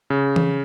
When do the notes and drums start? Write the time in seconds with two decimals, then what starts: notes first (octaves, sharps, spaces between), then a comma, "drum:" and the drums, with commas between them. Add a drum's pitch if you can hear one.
0.10 C#3
0.36 drum: tom E3